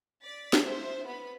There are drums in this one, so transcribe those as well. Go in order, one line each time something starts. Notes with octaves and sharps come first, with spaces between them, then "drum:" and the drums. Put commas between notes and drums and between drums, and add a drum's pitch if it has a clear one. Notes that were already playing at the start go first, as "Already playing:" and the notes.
D5 A6 B6
drum: snare
C5 E5
B3 B5